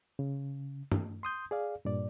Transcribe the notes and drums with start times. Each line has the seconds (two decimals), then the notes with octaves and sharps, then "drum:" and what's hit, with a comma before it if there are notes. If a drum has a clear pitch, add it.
0.19 C#3
0.92 drum: tom
1.23 C6 D#6 G6
1.51 G#4 D5 F5
1.85 G2 A#2 D5